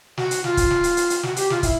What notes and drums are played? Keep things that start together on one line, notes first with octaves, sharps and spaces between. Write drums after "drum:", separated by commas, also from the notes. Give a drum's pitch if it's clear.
F#4, drum: snare
drum: hi-hat
F4, drum: snare
drum: kick, hi-hat
drum: snare
drum: hi-hat
drum: hi-hat
drum: hi-hat
F#4, drum: snare
G4, drum: hi-hat
F4, drum: snare
E4, drum: kick, hi-hat